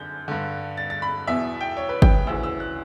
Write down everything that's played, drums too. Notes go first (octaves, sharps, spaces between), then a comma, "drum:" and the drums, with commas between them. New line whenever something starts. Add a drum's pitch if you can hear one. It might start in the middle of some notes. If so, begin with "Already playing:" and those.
Already playing: F#2 D3 G6
G2 D3
A6
A6
B5
E2 B2 E5
G5
C#5
B4
G5, drum: kick
D2 C#3 E3 E6
E6
F#6